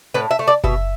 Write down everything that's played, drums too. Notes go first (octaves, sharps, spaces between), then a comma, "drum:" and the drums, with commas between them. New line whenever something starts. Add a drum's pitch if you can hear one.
A2 B4
E5
A3
D5
B2 E5, drum: kick F#1